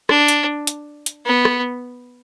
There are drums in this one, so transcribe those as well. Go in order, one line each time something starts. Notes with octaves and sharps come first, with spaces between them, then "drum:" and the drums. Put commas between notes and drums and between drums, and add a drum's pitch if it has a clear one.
D4, drum: rim click
drum: hi-hat
drum: hi-hat
drum: hi-hat
B3
drum: rim click